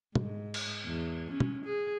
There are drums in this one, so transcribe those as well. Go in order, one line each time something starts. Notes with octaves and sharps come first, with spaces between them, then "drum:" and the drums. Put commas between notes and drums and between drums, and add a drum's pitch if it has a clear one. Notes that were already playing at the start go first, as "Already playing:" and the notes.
G#2, drum: tom
drum: cymbal
E2
C#4
drum: tom
G#4